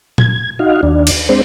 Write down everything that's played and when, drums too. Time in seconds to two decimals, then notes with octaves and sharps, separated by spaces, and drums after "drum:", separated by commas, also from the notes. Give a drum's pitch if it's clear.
0.18 G#6, drum: tom A#2
0.59 D#4 F#4 F5
0.83 D#2 D4
1.07 drum: cymbal
1.29 G#3 C4 D4 C5